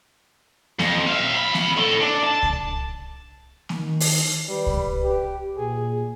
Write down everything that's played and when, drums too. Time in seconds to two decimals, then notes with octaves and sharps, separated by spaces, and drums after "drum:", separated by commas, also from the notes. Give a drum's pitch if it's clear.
0.79 F2, drum: snare A#3
1.07 E5 F5
1.35 F2 B5
1.54 drum: snare A#3
1.77 A2 A4
2.01 D4
2.23 A5
2.43 drum: kick C2
3.69 D#3, drum: snare A#3
4.00 drum: open hi-hat
4.49 G3 B4
4.67 drum: kick C2
5.03 G4
5.58 A#2 G#4